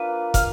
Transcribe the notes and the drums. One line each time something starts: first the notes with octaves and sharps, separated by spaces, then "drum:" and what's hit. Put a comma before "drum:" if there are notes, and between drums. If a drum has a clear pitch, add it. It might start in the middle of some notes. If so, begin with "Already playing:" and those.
Already playing: A#3 D4 F4 B4
F5, drum: kick, hi-hat